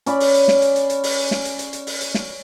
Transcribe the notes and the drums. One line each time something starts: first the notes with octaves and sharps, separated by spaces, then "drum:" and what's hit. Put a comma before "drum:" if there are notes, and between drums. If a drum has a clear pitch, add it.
C#4 D5 B5, drum: hi-hat
drum: open hi-hat
drum: hi-hat
drum: snare
drum: hi-hat
drum: hi-hat
drum: hi-hat
drum: open hi-hat
drum: snare
drum: hi-hat
drum: hi-hat
drum: hi-hat
drum: open hi-hat
drum: hi-hat
drum: snare